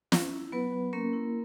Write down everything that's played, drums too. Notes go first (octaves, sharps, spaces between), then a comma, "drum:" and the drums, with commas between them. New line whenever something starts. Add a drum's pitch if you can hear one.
C#4, drum: snare
E4
F#3 B3 B4
F#3
A#3 C#4 A#4
E4